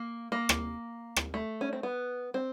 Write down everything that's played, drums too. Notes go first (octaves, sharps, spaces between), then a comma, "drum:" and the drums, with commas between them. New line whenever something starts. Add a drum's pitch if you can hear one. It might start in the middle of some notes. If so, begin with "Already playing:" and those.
Already playing: A#3
A#3
drum: rim click
drum: rim click
A3
C#4
C4
B3
C4